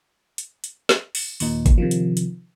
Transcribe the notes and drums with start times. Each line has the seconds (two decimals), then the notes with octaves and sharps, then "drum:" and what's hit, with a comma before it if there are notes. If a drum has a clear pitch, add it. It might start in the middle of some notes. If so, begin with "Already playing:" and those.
0.38 drum: hi-hat
0.64 drum: hi-hat
0.89 drum: snare
1.15 drum: open hi-hat
1.40 D#2 A#2 D#4, drum: open hi-hat
1.66 drum: kick, hi-hat
1.78 C3 D#3 F3
1.91 drum: hi-hat
2.17 drum: hi-hat